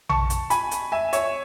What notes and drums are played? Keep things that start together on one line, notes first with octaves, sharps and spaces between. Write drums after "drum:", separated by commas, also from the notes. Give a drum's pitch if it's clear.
A5 C#6, drum: tom A#1
drum: hi-hat
G#5 B5, drum: hi-hat
drum: hi-hat
E5 G#5
C#5 E5, drum: hi-hat